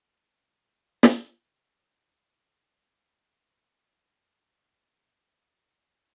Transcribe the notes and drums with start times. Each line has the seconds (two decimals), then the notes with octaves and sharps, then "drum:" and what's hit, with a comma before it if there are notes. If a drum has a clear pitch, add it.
0.15 F#2 A2
1.03 drum: snare
2.92 A4
5.40 B4 D5 F5 F#6
5.81 G#5